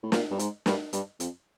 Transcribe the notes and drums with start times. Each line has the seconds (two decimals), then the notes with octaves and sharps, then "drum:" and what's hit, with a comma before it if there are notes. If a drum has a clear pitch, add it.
0.03 A2
0.12 A#2, drum: snare
0.30 G2
0.39 G#2, drum: hi-hat
0.66 G2, drum: snare
0.93 G2, drum: hi-hat
1.20 F2, drum: hi-hat